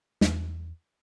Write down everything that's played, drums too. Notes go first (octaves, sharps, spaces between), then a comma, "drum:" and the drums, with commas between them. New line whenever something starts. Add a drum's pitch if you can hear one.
E2, drum: snare